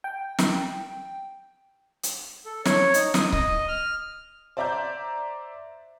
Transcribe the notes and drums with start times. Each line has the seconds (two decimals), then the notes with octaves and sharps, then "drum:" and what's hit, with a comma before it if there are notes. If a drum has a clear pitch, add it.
0.04 G5
0.38 drum: snare
2.03 drum: hi-hat
2.45 A4
2.65 C#5, drum: snare
2.94 D#4, drum: hi-hat
3.14 D#6, drum: snare
3.32 D#5, drum: kick C#1
3.68 F6
4.57 C5 D5 E5 A#5 D6 G6